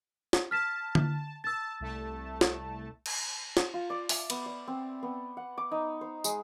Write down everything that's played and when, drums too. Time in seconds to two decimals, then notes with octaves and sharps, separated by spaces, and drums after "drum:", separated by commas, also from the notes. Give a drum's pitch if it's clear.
0.33 drum: snare
0.51 A5 F6 B6 E7
0.95 drum: tom D3
1.44 A5 E6 A6
1.80 C2 A3 A5
2.41 drum: snare
3.06 drum: cymbal
3.57 drum: snare
3.74 F4
3.90 D5
4.09 E5, drum: open hi-hat
4.30 B3, drum: cymbal
4.46 D5
4.68 C4
5.03 B3
5.37 F#5
5.58 D6
5.71 D#4
6.01 C5
6.24 G#3, drum: tambourine